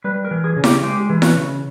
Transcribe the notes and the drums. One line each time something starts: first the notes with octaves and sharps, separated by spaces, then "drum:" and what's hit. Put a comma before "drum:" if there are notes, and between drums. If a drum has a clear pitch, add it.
G3 B4
A#4
E3
G#4
C#3
G4, drum: snare E4
G#3 G4
E3
F#4, drum: snare E4
C#3